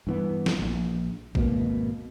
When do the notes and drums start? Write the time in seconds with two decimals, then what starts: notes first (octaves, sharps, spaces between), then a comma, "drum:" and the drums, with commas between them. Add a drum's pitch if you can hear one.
0.07 G2 E3 B3
0.46 drum: snare
0.58 E1 A#1
1.35 G#1 B2 A#3, drum: kick